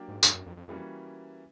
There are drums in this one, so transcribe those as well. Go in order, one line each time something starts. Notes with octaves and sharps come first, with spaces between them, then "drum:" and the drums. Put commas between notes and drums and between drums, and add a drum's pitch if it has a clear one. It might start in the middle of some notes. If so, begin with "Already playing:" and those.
Already playing: F#3 A#3 D4 G4 A#4
G#2
G2, drum: tambourine
F#2
F2
F2
F2 E3 G3 A#3 C#4 F#4